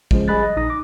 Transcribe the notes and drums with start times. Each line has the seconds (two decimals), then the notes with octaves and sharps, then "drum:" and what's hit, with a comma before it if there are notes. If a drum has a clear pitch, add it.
0.11 C#3 F3 G#3, drum: kick
0.28 G3 G#4 D#5 B5 F#6 A6
0.43 D#5
0.56 A#1 D#4 D#6 A#6
0.70 D6